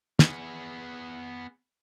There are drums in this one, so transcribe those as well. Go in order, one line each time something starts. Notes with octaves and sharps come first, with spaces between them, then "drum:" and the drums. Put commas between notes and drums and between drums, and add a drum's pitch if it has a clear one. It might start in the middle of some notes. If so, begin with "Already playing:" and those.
B3 G#4, drum: snare